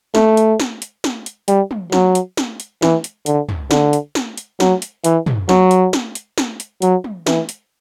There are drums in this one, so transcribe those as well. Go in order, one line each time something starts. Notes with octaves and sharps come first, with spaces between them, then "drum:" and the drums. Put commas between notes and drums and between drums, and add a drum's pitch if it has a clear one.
A3, drum: snare
drum: hi-hat
drum: snare
drum: hi-hat
drum: snare
drum: hi-hat
G3, drum: hi-hat
drum: tom
F#3, drum: snare
drum: hi-hat
drum: snare
drum: hi-hat
E3, drum: snare
drum: hi-hat
D3, drum: hi-hat
drum: tom
D3, drum: snare
drum: hi-hat
drum: snare
drum: hi-hat
F#3, drum: snare
drum: hi-hat
E3, drum: hi-hat
drum: tom
F#3, drum: snare
drum: hi-hat
drum: snare
drum: hi-hat
drum: snare
drum: hi-hat
F#3, drum: hi-hat
drum: tom
E3, drum: snare
drum: hi-hat